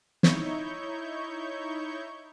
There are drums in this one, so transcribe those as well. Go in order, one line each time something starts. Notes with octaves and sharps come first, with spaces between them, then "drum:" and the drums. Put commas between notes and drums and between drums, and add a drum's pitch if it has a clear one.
D#4 E4 C#5 C#6 G6, drum: snare